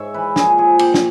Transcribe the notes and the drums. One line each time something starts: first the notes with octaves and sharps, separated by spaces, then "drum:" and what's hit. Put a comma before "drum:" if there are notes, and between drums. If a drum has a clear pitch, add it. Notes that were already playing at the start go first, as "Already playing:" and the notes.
Already playing: G#2 C#5 E5
E3 B4
A#2 G#4, drum: snare
F3 G#4
A#2 G4, drum: cymbal
drum: snare